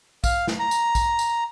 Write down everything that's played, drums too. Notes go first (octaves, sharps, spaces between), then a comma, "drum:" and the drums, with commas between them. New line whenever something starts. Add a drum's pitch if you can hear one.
F5, drum: kick, tambourine
drum: snare
A#5
drum: tambourine
drum: kick, tambourine
drum: tambourine